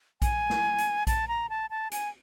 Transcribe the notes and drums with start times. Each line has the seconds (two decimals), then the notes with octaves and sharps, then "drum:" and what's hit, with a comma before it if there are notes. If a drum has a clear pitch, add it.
0.22 G#5, drum: kick A#1, hi-hat
0.50 drum: snare
0.78 drum: hi-hat
1.07 A5, drum: kick A#1, hi-hat
1.28 A#5
1.50 A5
1.70 A5
1.91 G#5, drum: hi-hat